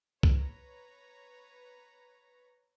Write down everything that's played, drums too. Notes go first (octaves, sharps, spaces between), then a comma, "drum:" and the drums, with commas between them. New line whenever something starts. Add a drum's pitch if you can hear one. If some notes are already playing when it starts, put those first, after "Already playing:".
B4 C#5 A#5, drum: kick C2